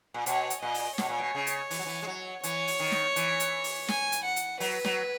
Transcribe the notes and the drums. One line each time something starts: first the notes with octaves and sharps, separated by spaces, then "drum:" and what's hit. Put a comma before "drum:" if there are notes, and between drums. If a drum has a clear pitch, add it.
A#2
B2 C#5, drum: hi-hat
drum: hi-hat
A#2 D#5
drum: open hi-hat
B2 C#5, drum: snare
A#2
B2
C#3
drum: hi-hat
E3, drum: open hi-hat
F#3
E3
G#3
F#3
E3 C#5, drum: hi-hat
drum: open hi-hat
D#3
drum: snare
E3, drum: hi-hat
drum: hi-hat
drum: open hi-hat
G#5, drum: snare
drum: hi-hat
F#5
drum: hi-hat
F#3 B4, drum: open hi-hat
F#3, drum: snare